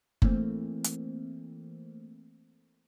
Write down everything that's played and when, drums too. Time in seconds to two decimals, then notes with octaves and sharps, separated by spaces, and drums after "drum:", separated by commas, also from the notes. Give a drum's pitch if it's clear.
0.22 E3 A3 A#3 C4, drum: kick F#1
0.84 drum: hi-hat